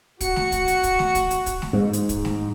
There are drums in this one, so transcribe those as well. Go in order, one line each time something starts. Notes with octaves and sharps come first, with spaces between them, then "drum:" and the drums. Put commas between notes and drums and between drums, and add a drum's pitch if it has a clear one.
F#4 C#7, drum: kick, hi-hat
drum: snare A3
drum: kick, hi-hat
drum: hi-hat
drum: kick, hi-hat
drum: snare A3
drum: kick, hi-hat
drum: hi-hat
drum: kick, hi-hat
drum: snare A3
G#2
drum: hi-hat
drum: kick, hi-hat
drum: snare A3